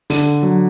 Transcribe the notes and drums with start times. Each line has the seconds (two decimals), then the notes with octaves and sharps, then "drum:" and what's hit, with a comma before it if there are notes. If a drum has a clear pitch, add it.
0.10 D3, drum: open hi-hat
0.43 F#3